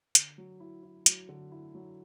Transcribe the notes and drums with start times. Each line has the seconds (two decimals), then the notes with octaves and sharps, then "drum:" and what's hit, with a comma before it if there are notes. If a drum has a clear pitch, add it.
0.15 D3, drum: hi-hat
0.38 F#3
0.60 E4
0.83 E4
1.06 F#3, drum: hi-hat
1.29 D3
1.52 E4
1.75 F#3